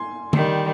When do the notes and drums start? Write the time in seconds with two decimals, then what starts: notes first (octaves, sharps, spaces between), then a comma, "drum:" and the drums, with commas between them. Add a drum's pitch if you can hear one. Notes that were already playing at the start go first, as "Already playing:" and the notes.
Already playing: G#5 C6
0.33 D#3 G3, drum: tom D3